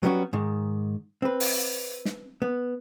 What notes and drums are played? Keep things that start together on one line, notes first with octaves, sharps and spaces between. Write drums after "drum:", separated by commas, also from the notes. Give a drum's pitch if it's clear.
F#3 G3 B3 C#4 F#4
G#2 D#3
C4 B4
drum: open hi-hat
drum: snare
B3